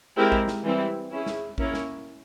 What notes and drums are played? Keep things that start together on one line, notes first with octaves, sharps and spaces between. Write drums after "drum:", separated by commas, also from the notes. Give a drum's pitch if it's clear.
G#3 C4 E4 G4 A#4
drum: kick A1
drum: snare
E3 G3 C4 E4
C#4 E4 G#4
drum: snare
A#3 C#4 E4 A#4 C#5, drum: kick A1
drum: snare